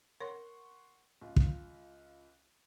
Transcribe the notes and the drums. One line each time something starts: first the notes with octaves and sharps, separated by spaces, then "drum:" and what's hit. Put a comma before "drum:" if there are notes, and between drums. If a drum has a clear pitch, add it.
A#4 C#5 F#5 C6 C#6
C#2 F4
drum: kick